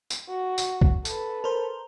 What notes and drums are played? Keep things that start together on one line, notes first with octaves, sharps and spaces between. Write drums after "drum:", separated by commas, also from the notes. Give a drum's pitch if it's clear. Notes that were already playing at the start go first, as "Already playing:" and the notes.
drum: tambourine
F#4
drum: tambourine
drum: kick
A4 B4, drum: tambourine
A#4 C5